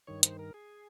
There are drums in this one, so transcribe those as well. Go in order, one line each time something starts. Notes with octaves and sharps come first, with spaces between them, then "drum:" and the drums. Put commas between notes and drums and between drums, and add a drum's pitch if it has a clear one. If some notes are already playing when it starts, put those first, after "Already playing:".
G2 D#3 C#5
C5, drum: hi-hat
A#4
G#4